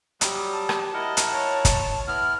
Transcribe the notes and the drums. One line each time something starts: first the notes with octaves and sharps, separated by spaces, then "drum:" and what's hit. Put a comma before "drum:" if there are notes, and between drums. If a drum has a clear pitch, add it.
F#3 G3 G4 D#6, drum: hi-hat
A5
drum: rim click
E4 A#4 D#5 F#5
drum: hi-hat
C#5
drum: kick G1, hi-hat
B3 E4 F6